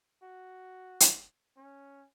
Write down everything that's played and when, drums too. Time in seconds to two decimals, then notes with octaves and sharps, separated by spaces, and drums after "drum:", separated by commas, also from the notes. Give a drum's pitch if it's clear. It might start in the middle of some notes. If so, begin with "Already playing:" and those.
0.23 F#4
1.00 drum: hi-hat
1.57 C#4